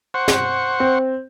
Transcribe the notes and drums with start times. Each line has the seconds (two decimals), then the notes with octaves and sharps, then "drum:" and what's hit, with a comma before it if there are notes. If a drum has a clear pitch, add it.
0.14 C5 F#5 C#6
0.28 drum: snare
0.80 C4